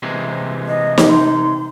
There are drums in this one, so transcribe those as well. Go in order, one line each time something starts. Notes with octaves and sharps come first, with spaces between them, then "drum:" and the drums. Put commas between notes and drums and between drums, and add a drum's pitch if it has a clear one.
C3 E3 G#3
D#5
drum: snare
D#4 C6